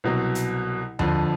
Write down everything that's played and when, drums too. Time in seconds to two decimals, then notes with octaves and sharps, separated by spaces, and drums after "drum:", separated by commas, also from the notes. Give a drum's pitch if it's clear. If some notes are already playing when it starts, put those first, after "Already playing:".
0.04 C2 B2 F#3
0.35 drum: hi-hat
0.99 F2 D3 F3, drum: tom D#2